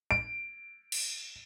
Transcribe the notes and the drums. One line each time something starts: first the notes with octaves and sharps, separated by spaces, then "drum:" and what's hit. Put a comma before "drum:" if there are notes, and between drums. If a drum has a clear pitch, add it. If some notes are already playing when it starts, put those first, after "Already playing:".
D7
drum: cymbal